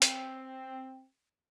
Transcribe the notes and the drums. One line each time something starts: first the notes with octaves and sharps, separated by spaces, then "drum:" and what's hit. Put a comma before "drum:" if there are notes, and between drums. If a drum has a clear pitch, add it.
C4, drum: hi-hat